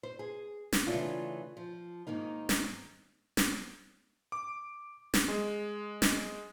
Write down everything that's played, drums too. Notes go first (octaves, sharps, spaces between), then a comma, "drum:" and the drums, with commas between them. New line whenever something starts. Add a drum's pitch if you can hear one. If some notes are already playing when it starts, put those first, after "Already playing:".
C5
G#4
drum: snare
C#3 E3 A3 C#4 D4 F4
F3
G#2 D#3 A#3 D#4
drum: snare
drum: snare
D6
drum: snare
G#3
drum: snare